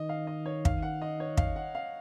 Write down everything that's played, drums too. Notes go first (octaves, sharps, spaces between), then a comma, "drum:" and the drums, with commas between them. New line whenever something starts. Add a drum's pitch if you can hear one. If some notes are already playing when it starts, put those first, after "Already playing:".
Already playing: D#3 D#5
F5
D#5
C#5
F5, drum: kick
F#5
D#5
C#5
F5, drum: kick
F#5
F5